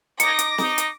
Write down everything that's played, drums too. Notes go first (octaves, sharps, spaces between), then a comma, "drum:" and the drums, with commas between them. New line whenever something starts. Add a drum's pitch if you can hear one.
D#4 D6 A#6 C#7, drum: hi-hat
drum: hi-hat
D#4, drum: snare
drum: hi-hat